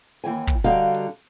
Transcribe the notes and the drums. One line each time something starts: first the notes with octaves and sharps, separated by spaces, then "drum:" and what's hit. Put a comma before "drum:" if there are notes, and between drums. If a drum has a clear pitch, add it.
D#2 E3 G5 G#5
drum: kick
D3 G3 F#4 D#5 F5 A#5
drum: open hi-hat